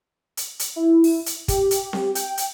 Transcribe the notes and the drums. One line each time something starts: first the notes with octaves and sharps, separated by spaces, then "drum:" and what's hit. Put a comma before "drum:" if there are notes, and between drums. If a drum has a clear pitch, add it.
drum: hi-hat
drum: hi-hat
E4
drum: open hi-hat
drum: hi-hat
G4, drum: kick, hi-hat
drum: hi-hat
drum: snare C4
G5, drum: hi-hat
drum: hi-hat